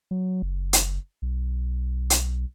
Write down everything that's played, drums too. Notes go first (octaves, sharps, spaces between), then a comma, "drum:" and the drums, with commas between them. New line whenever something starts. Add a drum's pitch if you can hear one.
F#3
F#1
drum: hi-hat
B1
drum: hi-hat